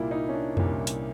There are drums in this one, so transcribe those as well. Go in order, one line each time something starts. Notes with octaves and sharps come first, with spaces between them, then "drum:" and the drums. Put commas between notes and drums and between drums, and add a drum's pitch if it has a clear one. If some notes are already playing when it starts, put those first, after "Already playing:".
Already playing: C2 A#2 G3 A#3 E4 F4
D#4
C#4
D4
C2 A#2 G3 A#3 C#4, drum: tom F2
drum: hi-hat